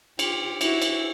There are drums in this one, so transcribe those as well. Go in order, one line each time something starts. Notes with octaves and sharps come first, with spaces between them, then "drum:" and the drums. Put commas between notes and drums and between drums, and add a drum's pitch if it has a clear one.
F4 G4, drum: cymbal
E4 F#4, drum: cymbal
drum: cymbal